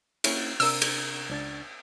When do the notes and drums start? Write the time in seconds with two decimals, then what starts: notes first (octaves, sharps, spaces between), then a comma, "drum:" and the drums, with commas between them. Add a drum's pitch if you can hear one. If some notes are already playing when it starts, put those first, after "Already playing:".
0.24 A#3 C#4 E4, drum: cymbal
0.60 C3 D4 A#4 E6, drum: open hi-hat
0.82 drum: cymbal
1.30 C#2 D4 A6